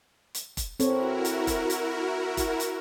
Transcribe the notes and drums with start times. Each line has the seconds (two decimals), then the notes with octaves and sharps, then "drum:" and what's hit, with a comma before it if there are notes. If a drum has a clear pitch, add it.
0.35 drum: hi-hat
0.57 drum: kick F1, hi-hat
0.80 C4 E4 F#4 A4 A#4 C#5, drum: hi-hat
1.25 drum: hi-hat
1.47 drum: kick F1, hi-hat
1.70 drum: hi-hat
2.37 drum: kick F1, hi-hat
2.60 drum: hi-hat